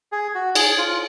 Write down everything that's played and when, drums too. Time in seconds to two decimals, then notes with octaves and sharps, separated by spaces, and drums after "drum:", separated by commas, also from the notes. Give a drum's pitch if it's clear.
0.12 G#4
0.35 F#4
0.55 G#4, drum: cymbal
0.78 F4